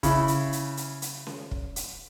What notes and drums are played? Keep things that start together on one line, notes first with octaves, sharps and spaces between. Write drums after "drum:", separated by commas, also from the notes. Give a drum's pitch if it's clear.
C#3 E4, drum: kick, hi-hat
drum: hi-hat
drum: hi-hat
drum: hi-hat
drum: hi-hat
drum: snare C#4
drum: kick
drum: hi-hat